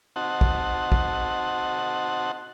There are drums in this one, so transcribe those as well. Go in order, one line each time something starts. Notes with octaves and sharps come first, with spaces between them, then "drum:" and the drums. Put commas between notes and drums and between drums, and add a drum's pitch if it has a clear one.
C4 D#4 F#4 F#5 A5
drum: kick
drum: kick